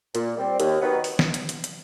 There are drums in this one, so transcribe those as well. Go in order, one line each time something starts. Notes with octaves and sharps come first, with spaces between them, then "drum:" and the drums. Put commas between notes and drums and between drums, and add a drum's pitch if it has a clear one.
A#2, drum: hi-hat
G3 C4
D#2, drum: hi-hat
D#3 F#3 B3
drum: open hi-hat
drum: snare
drum: hi-hat
drum: hi-hat
drum: hi-hat